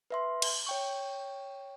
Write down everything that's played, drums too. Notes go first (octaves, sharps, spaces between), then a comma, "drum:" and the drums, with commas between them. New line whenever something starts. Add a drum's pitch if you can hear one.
B4 E5 C6
drum: cymbal
C#5 G5 C#6